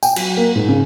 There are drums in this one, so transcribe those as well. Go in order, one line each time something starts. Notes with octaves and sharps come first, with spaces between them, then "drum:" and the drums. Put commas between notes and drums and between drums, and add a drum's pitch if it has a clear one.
G5, drum: tambourine
F#3, drum: cymbal
A#3
G#2
C#3